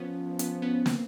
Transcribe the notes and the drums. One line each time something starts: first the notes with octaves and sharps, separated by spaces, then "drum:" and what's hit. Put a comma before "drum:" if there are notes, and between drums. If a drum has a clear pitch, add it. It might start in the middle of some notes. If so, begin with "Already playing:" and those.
Already playing: F3 B3 C#4
B3 C#4, drum: hi-hat
B3 C#4
A#3 C4, drum: snare